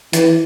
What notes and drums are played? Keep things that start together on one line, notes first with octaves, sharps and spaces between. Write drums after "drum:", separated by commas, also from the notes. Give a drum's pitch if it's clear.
E3, drum: hi-hat